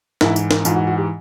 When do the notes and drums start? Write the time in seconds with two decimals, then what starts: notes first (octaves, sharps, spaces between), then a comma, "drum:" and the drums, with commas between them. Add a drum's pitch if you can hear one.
0.21 G#2 E3 E4, drum: snare
0.36 drum: tambourine
0.51 drum: snare
0.65 G#2 E3 F4, drum: tambourine
0.76 F#4
0.87 F#4
0.98 G4